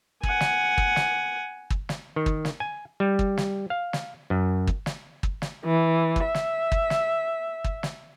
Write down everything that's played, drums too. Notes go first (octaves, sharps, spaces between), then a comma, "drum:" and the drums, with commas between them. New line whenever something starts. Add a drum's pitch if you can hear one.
F#5 G#5, drum: kick
drum: snare
drum: kick
drum: snare
drum: kick
drum: snare
D#3
drum: kick
drum: snare
G#5
G3
drum: kick
drum: snare
F5
drum: snare
F#2
drum: kick
drum: snare
drum: kick
drum: snare
E3
drum: kick
E5
drum: snare
drum: kick
drum: snare
drum: kick
drum: snare